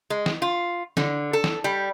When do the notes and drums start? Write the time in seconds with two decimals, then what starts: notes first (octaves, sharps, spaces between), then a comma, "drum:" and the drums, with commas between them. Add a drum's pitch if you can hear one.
0.10 G#3
0.26 drum: snare
0.42 F4
0.97 D3, drum: snare
1.33 A4
1.44 drum: snare
1.64 G3